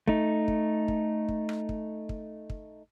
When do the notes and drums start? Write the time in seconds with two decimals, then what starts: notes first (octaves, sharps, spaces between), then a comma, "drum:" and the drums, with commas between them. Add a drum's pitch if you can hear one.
0.08 A3 D#4, drum: kick
0.48 drum: kick
0.88 drum: kick
1.29 drum: kick
1.49 drum: rim click
1.69 drum: kick
2.09 drum: kick
2.50 drum: kick